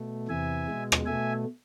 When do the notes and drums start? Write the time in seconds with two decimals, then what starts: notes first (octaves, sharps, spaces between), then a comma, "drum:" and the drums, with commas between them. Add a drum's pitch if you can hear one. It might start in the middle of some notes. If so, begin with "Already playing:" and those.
Already playing: B2 A3
0.28 E2 C3 E3 E5 G#5
0.67 B2 G#3
0.92 drum: rim click
1.06 B2 A3 E5 G#5